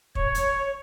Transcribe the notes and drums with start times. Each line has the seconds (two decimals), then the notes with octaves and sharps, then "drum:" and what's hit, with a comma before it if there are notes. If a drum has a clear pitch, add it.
0.15 C#5, drum: kick
0.35 drum: hi-hat